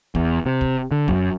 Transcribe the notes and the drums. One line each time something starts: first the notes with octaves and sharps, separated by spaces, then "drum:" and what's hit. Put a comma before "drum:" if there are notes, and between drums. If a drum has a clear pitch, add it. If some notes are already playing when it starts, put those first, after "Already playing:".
E2, drum: kick
C3
drum: kick
D3
F#2, drum: kick